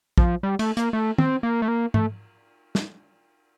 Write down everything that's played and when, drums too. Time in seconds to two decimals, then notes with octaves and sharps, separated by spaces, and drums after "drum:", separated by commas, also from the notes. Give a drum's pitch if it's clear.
0.18 F3, drum: kick
0.43 G3
0.59 A3, drum: cymbal
0.77 A#3, drum: hi-hat
0.93 A3
1.18 C4, drum: tom
1.43 A#3
1.62 A3
1.68 A#3
1.94 A3, drum: tom G#2
2.75 drum: snare